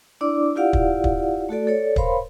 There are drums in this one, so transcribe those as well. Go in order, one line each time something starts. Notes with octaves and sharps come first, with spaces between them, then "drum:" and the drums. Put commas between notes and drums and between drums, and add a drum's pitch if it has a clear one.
D4 E4 D5 D6
E4 F4 G4 D5 F5 F#5
drum: kick
drum: kick
A3 F#4 A4 D5
A4 C#5 D5
A#4 C5 C#5 F5 B5 C6, drum: kick